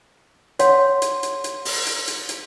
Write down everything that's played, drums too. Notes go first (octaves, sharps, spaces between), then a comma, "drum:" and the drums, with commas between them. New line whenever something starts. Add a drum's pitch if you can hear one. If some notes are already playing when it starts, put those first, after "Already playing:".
C#5 F#5 C6, drum: hi-hat
drum: hi-hat
drum: hi-hat
drum: hi-hat
drum: open hi-hat
drum: hi-hat
drum: hi-hat
drum: hi-hat